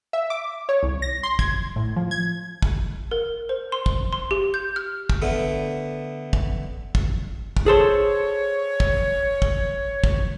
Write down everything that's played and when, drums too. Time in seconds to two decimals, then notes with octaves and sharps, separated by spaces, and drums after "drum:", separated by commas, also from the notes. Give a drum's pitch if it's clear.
0.13 E5
0.30 D6
0.69 C#5
0.83 C2
1.02 A#6
1.23 C6
1.39 G#6, drum: kick
1.76 A2
1.96 F3
2.11 G#6
2.62 drum: kick
3.11 A#4
3.49 C5
3.72 C6
3.86 drum: kick
4.13 C6
4.31 G4
4.54 G6
4.76 F6
5.09 drum: kick
5.22 D3 A3 B3
6.33 drum: kick
6.95 drum: kick
7.57 drum: kick
7.66 G#4 A4 C5 C#5
8.80 drum: kick
9.42 drum: kick
10.04 drum: kick